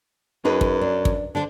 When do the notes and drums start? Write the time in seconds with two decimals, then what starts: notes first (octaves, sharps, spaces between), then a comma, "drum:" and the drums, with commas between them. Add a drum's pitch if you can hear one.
0.45 F#2 D#4 G#4 B4
0.61 drum: kick
0.81 D4
1.05 drum: kick
1.35 D3 D4 C5